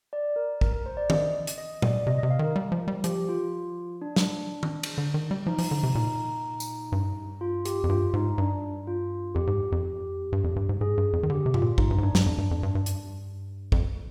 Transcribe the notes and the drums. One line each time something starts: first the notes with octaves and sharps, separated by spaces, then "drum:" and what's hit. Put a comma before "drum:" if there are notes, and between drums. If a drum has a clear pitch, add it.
D5
A#4
A#4, drum: kick
A#4
C5
D5
D#5, drum: tom D#3
drum: hi-hat
D#5
D5, drum: tom A#2
C3 D#5
C3 D#5
F5
D#3 A#4
G3
F3
G3
F3 G4, drum: hi-hat
F4
D4
drum: snare
drum: tom D#3
drum: cymbal
D3
D#3
G3
F3 D#4
F3, drum: open hi-hat
D3
C3
A#2 D#4
drum: tambourine
G2
F4
G4, drum: hi-hat
F2
G2 F4
G#2 D#4
G2 D4
F4
F2 G4
G#2
F2
G2
F2
G2
G#2
G#2 G#4
G2
F2
D#3
D3 G4
C3
F4, drum: tom G2
A#2
G#2 D#4, drum: kick
G2
G#2
G2 D4
G2, drum: snare
F2
G2
F2
G2
G2
drum: hi-hat
F2, drum: kick